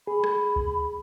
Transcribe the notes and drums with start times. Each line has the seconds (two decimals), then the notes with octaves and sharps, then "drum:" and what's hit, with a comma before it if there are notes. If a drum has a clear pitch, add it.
0.07 G#4 B5
0.24 drum: rim click
0.56 drum: kick C#2